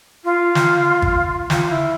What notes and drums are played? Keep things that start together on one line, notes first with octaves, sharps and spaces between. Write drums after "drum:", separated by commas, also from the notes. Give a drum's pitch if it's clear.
F4
drum: snare
drum: kick G#1
F4, drum: snare
E4